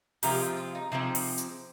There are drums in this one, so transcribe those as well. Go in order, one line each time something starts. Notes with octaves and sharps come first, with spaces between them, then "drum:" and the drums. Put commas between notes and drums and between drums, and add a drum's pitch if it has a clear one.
C3 F3 G#3 C4 G4 A#4, drum: open hi-hat
F4
F4
D#4
C3 F3 G#3 C4 D#4
drum: open hi-hat
drum: hi-hat